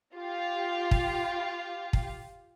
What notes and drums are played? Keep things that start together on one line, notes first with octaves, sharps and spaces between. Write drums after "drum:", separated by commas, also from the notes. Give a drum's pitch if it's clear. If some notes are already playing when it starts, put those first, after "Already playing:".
F4 G4
drum: kick
drum: kick